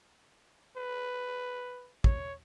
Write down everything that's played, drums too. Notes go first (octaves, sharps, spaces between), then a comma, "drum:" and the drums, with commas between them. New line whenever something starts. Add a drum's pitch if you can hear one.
B4
C#5, drum: kick